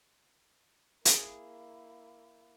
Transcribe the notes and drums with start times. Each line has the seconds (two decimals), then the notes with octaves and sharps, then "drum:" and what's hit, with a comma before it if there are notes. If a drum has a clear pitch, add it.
1.05 A#3 E4 G#4, drum: hi-hat